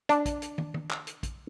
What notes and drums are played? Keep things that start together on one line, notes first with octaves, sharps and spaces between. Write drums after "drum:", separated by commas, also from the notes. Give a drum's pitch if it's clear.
D4, drum: hi-hat
drum: kick, hi-hat
drum: hi-hat
drum: tom
drum: tom
drum: clap
drum: hi-hat
drum: kick, hi-hat